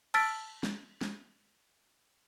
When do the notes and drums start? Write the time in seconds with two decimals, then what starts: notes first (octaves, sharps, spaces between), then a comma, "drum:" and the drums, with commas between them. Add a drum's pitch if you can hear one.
0.14 A5 E6 F6 A6 B6 D7, drum: cymbal
0.63 drum: snare
1.01 drum: snare